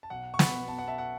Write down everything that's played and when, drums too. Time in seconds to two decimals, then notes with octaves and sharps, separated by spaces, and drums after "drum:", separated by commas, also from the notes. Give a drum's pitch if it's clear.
0.03 A5
0.10 B1 F#5
0.34 C#6
0.39 F#5 B5, drum: snare
0.54 B2 B3
0.68 A5
0.78 F#5
0.88 E5 A5
0.98 F#5